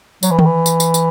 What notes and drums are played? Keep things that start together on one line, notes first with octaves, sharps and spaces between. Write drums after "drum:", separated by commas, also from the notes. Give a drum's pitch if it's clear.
F#3, drum: tambourine
E3
D#3, drum: tom D#3
E3
drum: tambourine
drum: tambourine
drum: tambourine